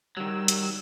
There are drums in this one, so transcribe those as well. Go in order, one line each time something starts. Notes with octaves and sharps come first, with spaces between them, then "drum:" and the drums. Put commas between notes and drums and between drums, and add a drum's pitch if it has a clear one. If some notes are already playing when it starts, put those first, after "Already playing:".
D#3 F#3 G3 E6
drum: hi-hat